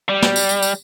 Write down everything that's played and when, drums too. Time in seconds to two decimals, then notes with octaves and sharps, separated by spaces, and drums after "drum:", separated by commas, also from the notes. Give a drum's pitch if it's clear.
0.09 G3
0.22 drum: snare
0.36 drum: tambourine
0.49 drum: tambourine
0.62 drum: tambourine